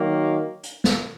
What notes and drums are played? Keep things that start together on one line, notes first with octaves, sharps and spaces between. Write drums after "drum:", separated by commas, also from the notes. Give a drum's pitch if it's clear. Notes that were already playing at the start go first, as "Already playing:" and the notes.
Already playing: D#3 F#3 A#3
drum: hi-hat
drum: snare